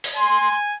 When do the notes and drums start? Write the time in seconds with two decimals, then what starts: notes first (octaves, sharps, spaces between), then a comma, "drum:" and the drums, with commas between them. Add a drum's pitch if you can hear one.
0.04 drum: open hi-hat
0.16 G#5 C6